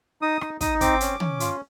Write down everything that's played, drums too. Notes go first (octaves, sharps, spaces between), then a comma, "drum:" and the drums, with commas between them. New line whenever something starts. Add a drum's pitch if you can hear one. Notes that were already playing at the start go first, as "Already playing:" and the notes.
D#4 D#6
D#4, drum: rim click
D#4 D#6, drum: kick, hi-hat
C4 D6, drum: kick, hi-hat
C#4, drum: hi-hat
C#4, drum: tom
F4, drum: hi-hat